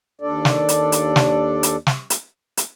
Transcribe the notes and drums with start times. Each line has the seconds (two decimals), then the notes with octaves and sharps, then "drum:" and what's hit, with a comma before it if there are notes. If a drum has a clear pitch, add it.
0.21 D#2 D4 A4 D5
0.45 drum: snare
0.69 drum: hi-hat
0.92 drum: hi-hat
1.16 drum: snare
1.63 drum: hi-hat
1.87 drum: snare
2.10 drum: hi-hat
2.57 drum: hi-hat